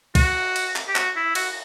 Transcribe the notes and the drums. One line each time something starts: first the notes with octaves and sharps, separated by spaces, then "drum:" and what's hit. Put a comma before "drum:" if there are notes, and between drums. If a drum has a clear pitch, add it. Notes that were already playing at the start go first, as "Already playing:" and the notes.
F#4, drum: kick, cymbal
drum: cymbal
drum: clap
G4
F#4, drum: clap
E4
F#4, drum: cymbal